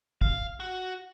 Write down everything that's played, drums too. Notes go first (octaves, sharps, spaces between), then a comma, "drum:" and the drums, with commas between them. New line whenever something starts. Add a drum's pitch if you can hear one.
F5, drum: kick
F#4